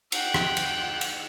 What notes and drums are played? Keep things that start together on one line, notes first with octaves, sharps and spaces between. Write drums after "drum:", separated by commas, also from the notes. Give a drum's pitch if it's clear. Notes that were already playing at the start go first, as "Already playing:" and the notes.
F#5 G5, drum: cymbal
drum: rim click
drum: cymbal
drum: cymbal